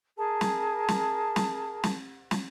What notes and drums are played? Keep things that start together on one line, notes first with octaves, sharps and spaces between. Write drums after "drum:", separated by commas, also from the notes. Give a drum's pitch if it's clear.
G#4 A#4 A5
drum: snare
drum: snare
drum: snare
drum: snare
drum: snare